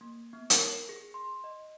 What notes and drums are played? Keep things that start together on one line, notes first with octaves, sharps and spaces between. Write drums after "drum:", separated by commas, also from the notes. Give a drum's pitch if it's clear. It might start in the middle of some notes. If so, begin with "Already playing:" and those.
A#3
B3
A#4, drum: hi-hat
C7
G#4
C6
D#5